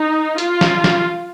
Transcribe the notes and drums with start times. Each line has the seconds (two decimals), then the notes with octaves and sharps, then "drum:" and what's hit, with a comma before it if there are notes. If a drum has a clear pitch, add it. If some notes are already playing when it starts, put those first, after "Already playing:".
Already playing: D#4
0.38 F4, drum: hi-hat
0.61 drum: snare
0.84 drum: snare